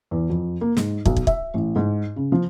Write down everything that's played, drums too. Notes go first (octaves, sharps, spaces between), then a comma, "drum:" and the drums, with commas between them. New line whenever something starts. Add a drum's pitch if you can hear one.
E2
F2
A#3
G#2, drum: snare
B1, drum: kick
drum: kick
E5, drum: kick
A1
G#2
C#3
F3